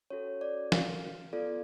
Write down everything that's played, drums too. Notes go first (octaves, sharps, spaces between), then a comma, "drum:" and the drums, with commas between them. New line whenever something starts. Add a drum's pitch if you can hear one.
C#4 F#4 A4 C#5
D5
F5, drum: snare
B3 F4 A4 D5